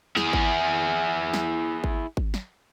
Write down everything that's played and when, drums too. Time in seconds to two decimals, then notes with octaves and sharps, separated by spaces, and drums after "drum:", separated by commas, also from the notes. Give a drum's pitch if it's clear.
0.17 E4 G#4, drum: snare
0.33 drum: kick G#1
1.34 drum: snare
1.84 drum: kick G#1
2.17 drum: kick G#1
2.34 drum: snare